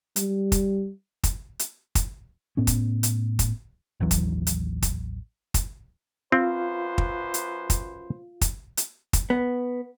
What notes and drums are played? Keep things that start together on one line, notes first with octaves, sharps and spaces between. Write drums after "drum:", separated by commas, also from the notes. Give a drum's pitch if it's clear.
G3, drum: hi-hat
drum: kick, hi-hat
drum: kick, hi-hat
drum: hi-hat
drum: kick, hi-hat
A2 B3 C#4
drum: kick, hi-hat
drum: hi-hat
drum: kick, hi-hat
A1 D#2 E3 F#3
drum: kick, hi-hat
drum: hi-hat
drum: kick, hi-hat
drum: kick, hi-hat
F#2 C4 F4 B4 C5 F5
drum: kick
drum: hi-hat
drum: kick, hi-hat
drum: kick, hi-hat
drum: hi-hat
drum: kick, hi-hat
B3